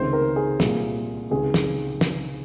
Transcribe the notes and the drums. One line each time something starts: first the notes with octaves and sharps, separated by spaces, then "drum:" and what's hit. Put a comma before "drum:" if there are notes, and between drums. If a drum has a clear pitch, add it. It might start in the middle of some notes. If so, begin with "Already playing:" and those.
Already playing: C#2 C3 D#3 C5
A#4
G#4
C2 A#2, drum: snare
C#2 C3 D#3 G#4
drum: snare
drum: snare